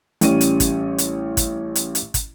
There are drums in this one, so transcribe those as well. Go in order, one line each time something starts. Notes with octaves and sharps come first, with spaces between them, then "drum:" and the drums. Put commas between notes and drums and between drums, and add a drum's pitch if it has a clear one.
A1 G3 C#4 C#5 D#7, drum: hi-hat
drum: hi-hat
drum: kick, hi-hat
drum: hi-hat
drum: kick, hi-hat
drum: hi-hat
drum: hi-hat
drum: kick, hi-hat